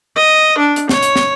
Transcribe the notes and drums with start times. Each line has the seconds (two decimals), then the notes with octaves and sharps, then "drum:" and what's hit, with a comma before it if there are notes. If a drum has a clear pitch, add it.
0.16 D#5
0.58 D4
0.76 drum: hi-hat
0.89 C#5, drum: snare
1.03 drum: hi-hat
1.16 drum: snare